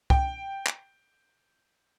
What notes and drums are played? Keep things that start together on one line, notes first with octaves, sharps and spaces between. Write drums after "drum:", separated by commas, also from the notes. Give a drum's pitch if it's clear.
G5, drum: kick C2
drum: clap